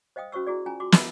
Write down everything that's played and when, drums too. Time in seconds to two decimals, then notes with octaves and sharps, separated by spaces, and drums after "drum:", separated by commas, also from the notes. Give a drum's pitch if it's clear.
0.16 C5 D#5 F5 G5 D#6
0.32 C#4 F#4 C5 C#6 E6
0.47 E4 F#4 G#4 D5
0.66 C#4 F4 G#5 A#5
0.80 F#4 C6 D6
0.92 E4 E5 A5 B5, drum: snare